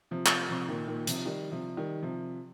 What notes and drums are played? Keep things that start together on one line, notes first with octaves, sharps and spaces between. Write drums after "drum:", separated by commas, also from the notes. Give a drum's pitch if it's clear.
C3 F3
drum: clap
C3 F3
A#2 D#3
A#2 D#3
C3 F3, drum: hi-hat
D#3 G3
C3 F3
D#3 G3
C3 F3